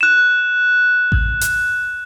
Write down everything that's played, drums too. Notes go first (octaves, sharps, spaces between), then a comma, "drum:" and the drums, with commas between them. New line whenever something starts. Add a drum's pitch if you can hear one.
F#6 E7
drum: kick A1
drum: hi-hat